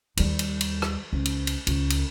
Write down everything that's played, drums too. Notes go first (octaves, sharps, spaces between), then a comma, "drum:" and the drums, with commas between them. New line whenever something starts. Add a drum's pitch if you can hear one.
D#2 G3, drum: cymbal
drum: cymbal
drum: cymbal
drum: rim click
C#2
drum: cymbal
drum: cymbal
C#2, drum: cymbal
drum: cymbal